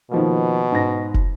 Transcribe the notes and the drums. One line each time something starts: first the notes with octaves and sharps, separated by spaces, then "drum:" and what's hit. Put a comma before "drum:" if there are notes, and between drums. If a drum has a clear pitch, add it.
B2 D#3 F3 A#3
G#2 A#6
drum: kick